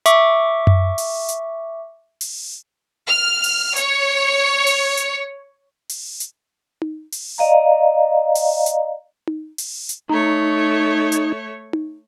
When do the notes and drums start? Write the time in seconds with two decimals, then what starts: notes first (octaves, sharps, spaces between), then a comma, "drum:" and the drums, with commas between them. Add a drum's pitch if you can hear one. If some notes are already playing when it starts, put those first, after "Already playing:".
0.06 E5 C#6 D6, drum: hi-hat
0.67 drum: tom F#2
0.98 drum: open hi-hat
1.28 drum: hi-hat
2.21 drum: open hi-hat
3.07 F6
3.44 drum: open hi-hat
3.76 C#5, drum: hi-hat
4.67 drum: open hi-hat
4.97 drum: hi-hat
5.89 drum: open hi-hat
6.20 drum: hi-hat
6.82 drum: tom D#4
7.12 drum: open hi-hat
7.38 D5 D#5 F5 A#5
8.35 drum: open hi-hat
8.66 drum: hi-hat
9.27 drum: tom D#4
9.58 drum: open hi-hat
9.89 drum: hi-hat
10.10 A3 D#4 C#5
11.12 drum: hi-hat
11.73 drum: tom D#4